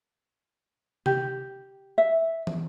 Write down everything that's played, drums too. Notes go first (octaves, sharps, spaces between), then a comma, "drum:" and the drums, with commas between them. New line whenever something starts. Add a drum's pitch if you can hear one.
G4, drum: tom C3
E5
drum: tom